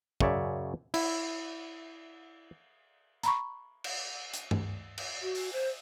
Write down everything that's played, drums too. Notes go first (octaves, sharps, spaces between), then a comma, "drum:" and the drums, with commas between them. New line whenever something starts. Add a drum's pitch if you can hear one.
F#2 C#3 C#5 D5 E5, drum: kick
E4, drum: cymbal
A#5 B5 C#6, drum: hi-hat
drum: cymbal
drum: hi-hat
drum: tom G2
drum: cymbal
F#4
drum: open hi-hat
C5